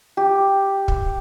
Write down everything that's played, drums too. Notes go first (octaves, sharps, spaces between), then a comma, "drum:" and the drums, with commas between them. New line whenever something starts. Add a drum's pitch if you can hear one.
G4
drum: kick